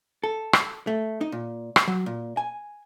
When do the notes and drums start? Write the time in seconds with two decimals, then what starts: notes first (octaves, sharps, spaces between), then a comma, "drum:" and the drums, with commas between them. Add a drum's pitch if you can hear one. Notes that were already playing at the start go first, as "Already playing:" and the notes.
0.24 A4
0.53 drum: rim click
0.87 A3
1.21 D#4
1.32 A#2
1.76 drum: rim click
1.88 F#3
2.06 A#2
2.37 G#5